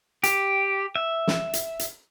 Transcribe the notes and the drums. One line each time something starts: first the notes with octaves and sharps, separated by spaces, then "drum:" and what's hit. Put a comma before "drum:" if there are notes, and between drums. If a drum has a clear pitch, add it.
G4, drum: hi-hat
E5
drum: snare
drum: hi-hat
drum: hi-hat